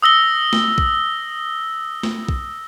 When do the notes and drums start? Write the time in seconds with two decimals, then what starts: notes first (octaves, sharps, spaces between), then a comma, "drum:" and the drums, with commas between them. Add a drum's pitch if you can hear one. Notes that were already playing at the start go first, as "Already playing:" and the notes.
0.02 D#6 E6 A#6 G7
0.53 drum: snare A3
0.78 drum: kick
2.03 drum: snare A3
2.29 drum: kick